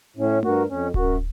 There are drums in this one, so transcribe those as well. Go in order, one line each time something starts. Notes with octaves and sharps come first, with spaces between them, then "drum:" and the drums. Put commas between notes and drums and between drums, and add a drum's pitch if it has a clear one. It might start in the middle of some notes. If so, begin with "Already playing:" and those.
A2 C#4
G2 F#4 A#4, drum: tom A3
F2 C#4
F#2 F#4 A#4, drum: kick D1